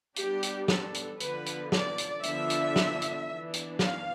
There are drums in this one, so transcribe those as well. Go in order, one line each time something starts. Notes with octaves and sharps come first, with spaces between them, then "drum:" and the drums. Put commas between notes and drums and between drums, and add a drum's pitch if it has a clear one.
G3 B3 D4 G4, drum: hi-hat
drum: hi-hat
A4, drum: snare
drum: hi-hat
D3 F3 B3 B4, drum: hi-hat
drum: hi-hat
D5, drum: snare
drum: hi-hat
D3 F3 B3 D4 E5, drum: hi-hat
drum: hi-hat
drum: snare
drum: hi-hat
E3 B3 D4
drum: hi-hat
F5, drum: snare